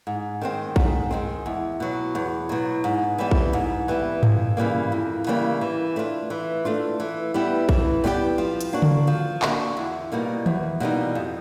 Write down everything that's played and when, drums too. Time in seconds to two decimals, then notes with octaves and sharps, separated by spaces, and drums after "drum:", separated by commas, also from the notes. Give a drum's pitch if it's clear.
0.07 G#2
0.42 D#3 G#3 C4
0.76 G#2, drum: kick A#1
1.11 D#3 G#3 C4
1.46 E2
1.80 B2 F#3
2.15 E2
2.49 B2 F#3
2.84 G#2
3.18 E3 G3 B3
3.31 drum: kick A#1
3.53 G#2
3.88 E3 G3 B3
4.23 F2, drum: tom G#2
4.57 C#3 E3 G3 A#3
4.92 F2
5.27 C#3 E3 G3 A#3
5.61 E3
5.96 A3 D4 F4
6.30 E3
6.65 A3 D4 F4
7.00 E3
7.34 G3 B3 E4 G4
7.69 E3, drum: kick A#1
8.04 G3 B3 E4 G4
8.38 F3
8.61 drum: hi-hat
8.73 A#3 D4 F#4
8.82 drum: tom C#3
9.07 F3
9.42 A#3 D4 F#4, drum: clap
9.77 E2
10.12 B2 G3 A#3 D#4
10.46 E2, drum: tom D#3
10.80 B2 G3 A#3 D#4
11.15 F2